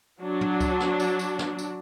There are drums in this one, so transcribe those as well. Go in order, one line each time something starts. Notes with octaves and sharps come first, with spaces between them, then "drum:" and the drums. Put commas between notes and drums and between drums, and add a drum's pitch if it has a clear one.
F#3 D4
drum: tom
drum: kick C#2, tambourine
drum: snare
drum: tambourine
drum: tambourine
drum: snare
drum: tambourine